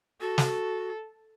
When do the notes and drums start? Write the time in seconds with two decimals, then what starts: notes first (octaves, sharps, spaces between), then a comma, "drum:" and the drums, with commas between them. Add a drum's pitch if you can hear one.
0.21 F#4 A4
0.38 drum: snare